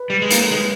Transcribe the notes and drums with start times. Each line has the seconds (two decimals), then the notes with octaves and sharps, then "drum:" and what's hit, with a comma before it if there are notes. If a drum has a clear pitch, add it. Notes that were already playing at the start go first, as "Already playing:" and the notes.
Already playing: B4
0.10 G3
0.22 G#3
0.31 A#3, drum: hi-hat
0.51 G#3